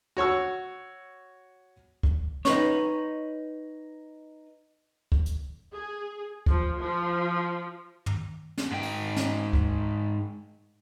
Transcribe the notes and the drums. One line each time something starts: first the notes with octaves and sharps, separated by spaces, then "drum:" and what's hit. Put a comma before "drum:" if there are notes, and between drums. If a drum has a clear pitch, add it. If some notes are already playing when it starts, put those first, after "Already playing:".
F#4 C#5 C#6 E6
drum: kick
D#4 B4 C#5, drum: snare
drum: kick
drum: hi-hat
G#4
F3, drum: kick
F3
drum: tom
drum: snare
G#2 G5
drum: open hi-hat
drum: snare
drum: kick